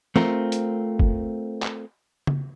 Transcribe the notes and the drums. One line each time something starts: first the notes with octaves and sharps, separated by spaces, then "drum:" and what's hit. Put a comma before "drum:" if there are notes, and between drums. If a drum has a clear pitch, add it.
A3 C4 F4 A#4, drum: snare
drum: hi-hat
drum: kick
drum: clap
drum: tom C#3